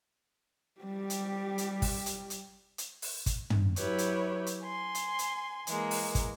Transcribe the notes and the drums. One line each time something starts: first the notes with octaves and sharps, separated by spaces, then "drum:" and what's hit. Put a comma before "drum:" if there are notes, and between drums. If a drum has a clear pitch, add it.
G3 G4
drum: hi-hat
drum: hi-hat
drum: kick, open hi-hat
drum: hi-hat
drum: hi-hat
drum: hi-hat
drum: open hi-hat
drum: kick, hi-hat
drum: tom
F#3 E4 G4 B4 C#5, drum: hi-hat
drum: hi-hat
drum: hi-hat
G#5 C6
drum: hi-hat
drum: hi-hat
E3 G#3 A#3, drum: hi-hat
drum: open hi-hat
drum: kick, hi-hat